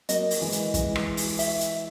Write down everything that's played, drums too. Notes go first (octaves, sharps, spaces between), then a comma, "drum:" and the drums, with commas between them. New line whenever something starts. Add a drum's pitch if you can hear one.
F#3 A#3 D#5, drum: hi-hat
drum: open hi-hat
E3 G#3
drum: hi-hat
E3 G#3, drum: kick, hi-hat
drum: rim click
drum: open hi-hat
E5, drum: open hi-hat
drum: hi-hat